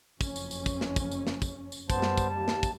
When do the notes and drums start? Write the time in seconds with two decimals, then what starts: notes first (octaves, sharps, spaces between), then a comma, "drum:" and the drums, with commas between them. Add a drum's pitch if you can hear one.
0.21 F#1 F2 C#4, drum: kick, tambourine
0.36 drum: tambourine
0.51 drum: tambourine
0.66 drum: kick, tambourine
0.81 drum: snare
0.96 drum: kick, tambourine
1.11 drum: tambourine
1.27 drum: snare
1.42 drum: kick, tambourine
1.72 drum: tambourine
1.90 F#2 G3 B3 C5 A5, drum: kick, tambourine
2.02 drum: snare
2.18 drum: kick, tambourine
2.29 D#2 A5
2.48 drum: snare
2.63 drum: kick, tambourine